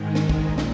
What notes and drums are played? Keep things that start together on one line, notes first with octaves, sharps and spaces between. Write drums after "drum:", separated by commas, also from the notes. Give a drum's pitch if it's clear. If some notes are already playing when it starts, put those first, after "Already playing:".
Already playing: G#2 D#3 G#3
drum: snare
drum: kick
A#2
drum: snare